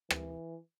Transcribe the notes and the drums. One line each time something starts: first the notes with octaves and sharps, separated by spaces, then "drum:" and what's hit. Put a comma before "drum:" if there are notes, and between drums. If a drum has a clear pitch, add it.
E3, drum: rim click